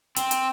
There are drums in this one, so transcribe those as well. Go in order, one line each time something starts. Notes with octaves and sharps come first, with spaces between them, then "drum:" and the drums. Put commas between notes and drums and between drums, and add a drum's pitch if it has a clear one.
C4, drum: hi-hat
drum: hi-hat